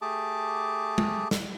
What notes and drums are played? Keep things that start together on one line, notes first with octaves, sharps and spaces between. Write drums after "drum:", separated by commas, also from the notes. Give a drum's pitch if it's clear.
A3 G4 G#4 A5 D6
drum: tom G#3
drum: snare